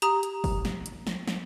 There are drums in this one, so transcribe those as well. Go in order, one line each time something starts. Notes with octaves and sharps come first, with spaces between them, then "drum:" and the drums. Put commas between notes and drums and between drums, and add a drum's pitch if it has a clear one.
G4 A#5 D#6, drum: hi-hat
drum: hi-hat
drum: kick F#1, open hi-hat
drum: snare
drum: hi-hat
drum: snare
drum: snare